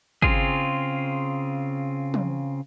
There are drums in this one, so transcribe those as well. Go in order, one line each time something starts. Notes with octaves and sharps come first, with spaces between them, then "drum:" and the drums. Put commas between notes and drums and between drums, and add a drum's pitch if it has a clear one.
C#3 C4 F4 G#4, drum: kick
drum: tom